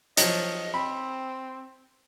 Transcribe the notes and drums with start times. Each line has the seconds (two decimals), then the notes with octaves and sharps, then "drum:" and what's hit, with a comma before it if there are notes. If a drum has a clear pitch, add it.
0.17 F3 F#3 D#5, drum: hi-hat
0.74 C4 B5